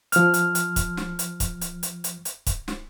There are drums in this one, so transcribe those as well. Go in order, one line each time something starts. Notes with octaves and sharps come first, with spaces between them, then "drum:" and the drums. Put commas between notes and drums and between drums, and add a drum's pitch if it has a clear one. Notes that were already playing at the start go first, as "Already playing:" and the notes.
F3 F6, drum: hi-hat
drum: hi-hat
drum: hi-hat
drum: kick, hi-hat
drum: snare
drum: hi-hat
drum: kick, hi-hat
drum: hi-hat
drum: hi-hat
drum: hi-hat
drum: hi-hat
drum: kick, hi-hat
drum: snare